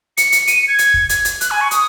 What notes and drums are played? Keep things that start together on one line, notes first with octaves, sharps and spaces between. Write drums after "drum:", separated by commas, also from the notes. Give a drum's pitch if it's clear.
C#7, drum: hi-hat
drum: hi-hat
D#7, drum: hi-hat
C#7
G#6
drum: hi-hat
drum: kick
drum: hi-hat
drum: hi-hat
F#6, drum: hi-hat
G#5
C#6
D#6, drum: hi-hat